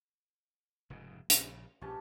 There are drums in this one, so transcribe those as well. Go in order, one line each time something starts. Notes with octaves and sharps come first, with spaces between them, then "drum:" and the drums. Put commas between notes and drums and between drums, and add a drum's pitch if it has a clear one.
F1 G#2 C#3
A#1 C#3, drum: hi-hat
A#1 G2 F3 C#4 G4 A5